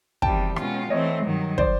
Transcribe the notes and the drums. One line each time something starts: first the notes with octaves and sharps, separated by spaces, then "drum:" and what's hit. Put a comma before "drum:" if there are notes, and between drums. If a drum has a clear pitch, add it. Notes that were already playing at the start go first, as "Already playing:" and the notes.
E2 C3 D#3 G3 G5 A5, drum: kick
B2 G#3 C#4 F4, drum: rim click
E3 A3 C4 C#5 D#5
G2 D#3 F#3
C5 D5, drum: kick